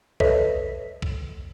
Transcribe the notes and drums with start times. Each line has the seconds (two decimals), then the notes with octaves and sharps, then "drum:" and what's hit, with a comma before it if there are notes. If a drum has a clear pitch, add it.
0.20 A4 B4 C#5 D#5 E5 B6, drum: kick B1
1.02 drum: kick B1